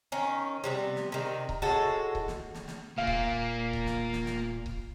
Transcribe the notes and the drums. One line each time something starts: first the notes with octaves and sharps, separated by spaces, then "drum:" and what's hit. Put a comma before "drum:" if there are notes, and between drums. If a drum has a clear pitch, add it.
D#3 C#4
C3 G3 B3
drum: snare
C3 D#3
drum: kick C#1
A2 G#3 F#4 A4
drum: kick C#1
drum: snare
drum: snare
drum: snare
D#1 A#2 A#3 F5
drum: kick C#1
drum: kick C#1
drum: snare
drum: snare
drum: snare
drum: kick C#1